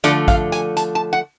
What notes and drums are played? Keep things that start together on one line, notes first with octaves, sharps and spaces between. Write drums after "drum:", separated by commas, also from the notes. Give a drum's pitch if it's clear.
D3 F3 A3 D5, drum: hi-hat
F5, drum: kick, hi-hat
G#5, drum: hi-hat
A5, drum: hi-hat
A5
F#5